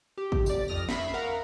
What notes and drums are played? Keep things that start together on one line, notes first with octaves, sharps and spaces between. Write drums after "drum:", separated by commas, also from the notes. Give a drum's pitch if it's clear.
G4
drum: kick
G1 D5, drum: tambourine
F2 D#6 F6 A#6
E5 B5 C#6 C7, drum: snare
A#4 F5 F#5 A#5